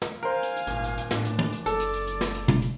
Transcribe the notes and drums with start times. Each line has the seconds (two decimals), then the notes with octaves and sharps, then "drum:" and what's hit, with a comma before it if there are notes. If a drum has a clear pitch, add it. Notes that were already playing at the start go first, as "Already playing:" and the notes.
0.02 drum: snare
0.23 A#4 C5 F5 G#5
0.43 drum: hi-hat
0.56 drum: hi-hat
0.67 D#1 G#1, drum: hi-hat
0.84 drum: hi-hat
0.98 drum: hi-hat
1.11 A2 D4, drum: snare
1.25 drum: hi-hat
1.39 drum: tom
1.52 drum: hi-hat
1.66 F#1 A4 D5, drum: hi-hat
1.80 drum: hi-hat
1.93 drum: hi-hat
2.07 drum: hi-hat
2.21 drum: snare
2.35 drum: hi-hat
2.48 drum: tom
2.62 drum: hi-hat